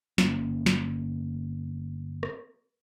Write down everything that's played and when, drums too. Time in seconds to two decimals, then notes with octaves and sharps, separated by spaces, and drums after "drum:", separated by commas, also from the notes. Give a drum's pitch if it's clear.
0.18 G1 A#3 C#4, drum: snare
0.66 drum: snare
2.23 drum: rim click